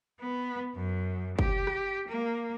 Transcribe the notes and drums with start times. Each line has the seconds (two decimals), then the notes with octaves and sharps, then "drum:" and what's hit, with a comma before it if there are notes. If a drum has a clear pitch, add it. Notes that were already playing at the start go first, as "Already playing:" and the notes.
0.21 B3
0.75 F#2
1.39 G4, drum: kick
1.67 drum: rim click
2.08 A#3